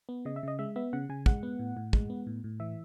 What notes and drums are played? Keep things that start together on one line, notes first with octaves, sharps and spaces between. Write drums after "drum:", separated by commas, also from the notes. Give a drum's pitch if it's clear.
B3
C#3 D#5
E5
C#3 D#5
G#3 E5
B3 E5
C#3 F#5
C#3 G#5
G#3 F#5, drum: kick
B3
A2
A2
G#3, drum: kick
B3
A2
A2
E3 E5